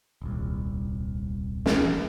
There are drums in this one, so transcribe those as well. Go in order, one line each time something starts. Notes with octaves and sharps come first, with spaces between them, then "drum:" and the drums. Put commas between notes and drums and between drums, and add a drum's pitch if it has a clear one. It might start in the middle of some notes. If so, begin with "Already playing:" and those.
D#1 C2
drum: snare